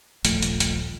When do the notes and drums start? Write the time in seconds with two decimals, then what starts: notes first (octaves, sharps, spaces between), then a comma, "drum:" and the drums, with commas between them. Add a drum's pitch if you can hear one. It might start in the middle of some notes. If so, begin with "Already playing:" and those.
0.25 D#1 A#1 F3 A3, drum: hi-hat
0.42 drum: hi-hat
0.60 drum: hi-hat